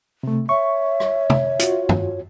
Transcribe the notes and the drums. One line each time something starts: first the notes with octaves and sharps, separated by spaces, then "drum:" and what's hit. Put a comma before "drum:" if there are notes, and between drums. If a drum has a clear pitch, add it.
C3 A3
C#5 E5 C#6
drum: rim click
drum: tom
F4 F#4, drum: hi-hat
drum: tom G2